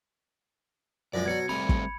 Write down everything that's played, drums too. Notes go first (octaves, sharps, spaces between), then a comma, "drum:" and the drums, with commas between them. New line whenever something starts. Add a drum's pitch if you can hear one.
F#2 F3 G#3 D5
B2 F#3 G#6 C#7
G3 A3 C4 G#5 B5
drum: kick